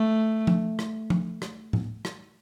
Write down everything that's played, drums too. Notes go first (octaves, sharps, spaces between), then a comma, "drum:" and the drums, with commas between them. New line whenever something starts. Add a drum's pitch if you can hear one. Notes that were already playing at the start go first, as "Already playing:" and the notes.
Already playing: A3
drum: tom F3
drum: rim click
drum: tom F3
drum: rim click
drum: tom A2
drum: rim click